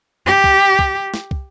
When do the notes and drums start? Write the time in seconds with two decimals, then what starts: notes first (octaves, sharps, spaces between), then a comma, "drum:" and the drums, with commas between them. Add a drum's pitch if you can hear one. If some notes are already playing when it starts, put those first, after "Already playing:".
0.26 G4
0.44 drum: kick
0.79 drum: kick
1.14 drum: snare
1.31 drum: kick